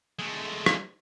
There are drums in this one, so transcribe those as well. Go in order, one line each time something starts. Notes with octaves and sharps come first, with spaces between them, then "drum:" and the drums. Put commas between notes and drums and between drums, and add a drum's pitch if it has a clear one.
G#3 A3
drum: rim click